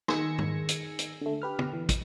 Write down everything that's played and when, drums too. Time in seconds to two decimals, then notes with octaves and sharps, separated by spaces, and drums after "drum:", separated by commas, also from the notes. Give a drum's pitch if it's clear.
0.08 D#3 G#4 E6 G#6 A#6 C#7, drum: rim click
0.38 drum: tom
0.69 drum: hi-hat
0.99 drum: hi-hat
1.21 D3 A3
1.42 G4 B4 F6
1.59 drum: tom
1.73 E3
1.89 drum: kick, hi-hat